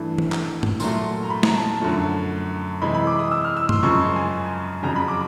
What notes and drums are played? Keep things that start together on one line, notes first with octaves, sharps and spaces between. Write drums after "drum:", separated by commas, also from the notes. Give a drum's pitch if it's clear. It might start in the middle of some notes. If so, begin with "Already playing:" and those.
Already playing: G2 E3 A3
drum: tom
drum: clap
drum: tom G2
A#2 F#3 A3 C6, drum: tambourine
A#5
B5
A#5, drum: snare
A5
A5
F#2 D3 F3 A3
C3 E3 G#3 B5
B5
D6
D#6
E6
F6
E6
C6, drum: tom G2
F#2 C#3 F3 G#3 C#6
C6
G#5
F2 C#3 F#3 A#5
B5
D6